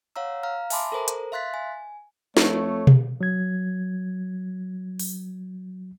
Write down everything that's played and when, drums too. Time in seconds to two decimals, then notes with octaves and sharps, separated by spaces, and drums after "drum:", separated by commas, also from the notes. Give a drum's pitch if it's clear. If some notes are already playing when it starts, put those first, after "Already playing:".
0.16 C#5 F5 F#5 A#5 E6
0.43 F5 A#5 F6
0.70 E5 G#5 A5 B5 C6 D6, drum: open hi-hat
0.92 A4 A#4 C5 A#5
1.08 drum: hi-hat
1.32 E5 F5 C6 F#6 A6 B6
1.54 G#5
2.37 F2 A3 C#5, drum: snare
2.87 drum: tom B2
3.21 F#3 G#6
4.99 drum: open hi-hat